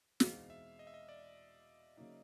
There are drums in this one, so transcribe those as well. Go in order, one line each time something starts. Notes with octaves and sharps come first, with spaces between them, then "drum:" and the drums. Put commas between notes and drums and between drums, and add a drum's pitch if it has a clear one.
E2 B2 G#3 C4 D#4 F5, drum: snare
E5
D#5
E5
D#5
D5
C#3 F#3 A#3 D#4